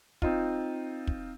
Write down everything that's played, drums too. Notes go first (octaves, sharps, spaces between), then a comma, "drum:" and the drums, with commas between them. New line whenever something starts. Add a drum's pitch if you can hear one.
C4 D#4 F4, drum: kick
drum: kick